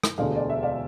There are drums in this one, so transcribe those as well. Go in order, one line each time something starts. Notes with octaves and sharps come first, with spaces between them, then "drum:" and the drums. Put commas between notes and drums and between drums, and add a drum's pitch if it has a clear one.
drum: rim click
E1 D2 D3 D5 F5
D5
E5
D5 F5